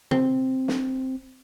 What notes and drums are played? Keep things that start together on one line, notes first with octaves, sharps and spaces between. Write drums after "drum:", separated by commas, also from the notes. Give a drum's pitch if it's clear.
C4, drum: tom
drum: snare